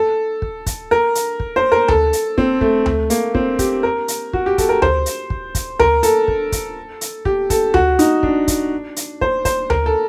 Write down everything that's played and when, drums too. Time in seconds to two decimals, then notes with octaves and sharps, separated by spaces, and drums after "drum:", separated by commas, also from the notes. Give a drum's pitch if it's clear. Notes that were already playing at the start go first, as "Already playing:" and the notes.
Already playing: A4
0.42 drum: kick
0.66 drum: kick, hi-hat
0.91 A#4
1.15 drum: hi-hat
1.40 drum: kick
1.56 C5
1.72 A#4
1.88 A4, drum: tom D2
2.13 drum: hi-hat
2.38 C4, drum: kick
2.61 A3, drum: kick
2.86 A3, drum: tom D2
3.10 A#3, drum: hi-hat
3.35 C4, drum: kick
3.59 G4, drum: kick, hi-hat
3.83 A#4
4.08 drum: hi-hat
4.33 F#4, drum: kick
4.46 G4
4.58 A4, drum: kick, hi-hat
4.69 A#4
4.82 C5, drum: tom D2
5.06 drum: hi-hat
5.30 drum: kick
5.55 drum: kick, hi-hat
5.79 A#4, drum: tom D2
6.03 A4, drum: hi-hat
6.28 drum: kick
6.52 drum: kick, hi-hat
7.01 drum: hi-hat
7.25 G4, drum: kick
7.50 A4, drum: kick, hi-hat
7.74 F#4, drum: tom D2
7.99 D#4, drum: hi-hat
8.23 D4, drum: kick
8.48 drum: kick, hi-hat
8.96 drum: hi-hat
9.21 C5, drum: kick
9.45 C5, drum: kick, hi-hat
9.70 A#4, drum: tom D2
9.86 A4